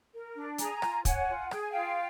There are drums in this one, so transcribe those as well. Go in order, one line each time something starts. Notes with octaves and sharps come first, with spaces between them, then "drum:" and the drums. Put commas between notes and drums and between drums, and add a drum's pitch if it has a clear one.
A#4
D4
G#4 G#5 A#5, drum: hi-hat
F4, drum: rim click
C#5 F#5 G#5, drum: kick, hi-hat
F4
G#4 G5, drum: rim click
G#5
F4 F5 G5